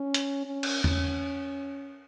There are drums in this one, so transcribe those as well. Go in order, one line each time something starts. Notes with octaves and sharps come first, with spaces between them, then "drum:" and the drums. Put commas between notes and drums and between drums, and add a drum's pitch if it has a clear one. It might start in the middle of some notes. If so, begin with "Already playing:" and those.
Already playing: C#4
drum: hi-hat
C#4
drum: cymbal
C#4, drum: tom E2